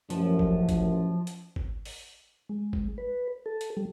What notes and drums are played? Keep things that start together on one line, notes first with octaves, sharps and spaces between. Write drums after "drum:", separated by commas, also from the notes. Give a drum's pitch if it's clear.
A1 F#2 F3, drum: hi-hat
drum: kick
drum: kick, hi-hat
drum: hi-hat
drum: kick
drum: open hi-hat
G#3
drum: kick
B4
A4
drum: hi-hat
G3